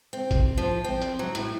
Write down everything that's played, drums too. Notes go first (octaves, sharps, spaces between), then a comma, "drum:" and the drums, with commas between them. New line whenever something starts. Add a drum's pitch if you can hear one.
C4
drum: kick A1, hi-hat
F3
C4
drum: hi-hat
F#3
A2, drum: hi-hat